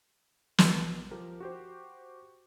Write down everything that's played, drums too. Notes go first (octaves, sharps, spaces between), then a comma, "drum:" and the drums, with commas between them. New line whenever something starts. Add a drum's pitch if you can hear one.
drum: snare
F3 G4 A#4
F#4 G4 C5